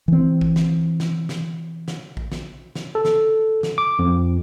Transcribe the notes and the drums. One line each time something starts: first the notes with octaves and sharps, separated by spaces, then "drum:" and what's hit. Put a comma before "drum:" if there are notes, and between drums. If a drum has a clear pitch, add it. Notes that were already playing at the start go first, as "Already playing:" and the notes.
E3 C4
drum: kick A#1
drum: snare
drum: snare
drum: snare
drum: snare
drum: kick A#1
drum: snare
drum: snare
A4
drum: snare
drum: snare
D6
F2